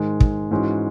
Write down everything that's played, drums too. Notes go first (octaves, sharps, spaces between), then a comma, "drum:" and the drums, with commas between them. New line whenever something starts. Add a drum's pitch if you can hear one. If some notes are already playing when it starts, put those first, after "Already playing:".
Already playing: G#2 D#3 G#3
drum: kick
G#2 E3 G#3 C#4 F#4